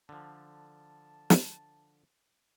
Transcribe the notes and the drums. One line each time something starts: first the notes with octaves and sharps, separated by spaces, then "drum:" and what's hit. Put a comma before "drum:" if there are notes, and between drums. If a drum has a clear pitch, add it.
D3 F3 A5
drum: snare